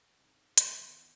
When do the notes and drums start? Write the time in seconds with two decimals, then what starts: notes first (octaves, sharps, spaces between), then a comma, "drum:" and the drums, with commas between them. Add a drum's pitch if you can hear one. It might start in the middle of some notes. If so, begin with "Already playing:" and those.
0.19 C2 G#2
0.58 drum: hi-hat
0.81 D#3 E3 B3